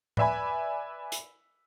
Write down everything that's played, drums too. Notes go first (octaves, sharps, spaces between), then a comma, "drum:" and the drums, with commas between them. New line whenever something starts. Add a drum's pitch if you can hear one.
B4 D5 E5 G#5 B5, drum: tom A2
drum: hi-hat